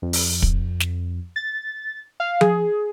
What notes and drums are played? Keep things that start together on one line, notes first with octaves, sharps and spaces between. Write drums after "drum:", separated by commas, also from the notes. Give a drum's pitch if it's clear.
F2
drum: open hi-hat
drum: kick
drum: snare
A6
F5
G#4, drum: tom F3